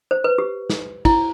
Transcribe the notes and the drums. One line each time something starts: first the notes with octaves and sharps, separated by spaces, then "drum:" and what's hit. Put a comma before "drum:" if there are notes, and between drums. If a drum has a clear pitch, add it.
C5
B4
G4
drum: snare
E4, drum: kick, cymbal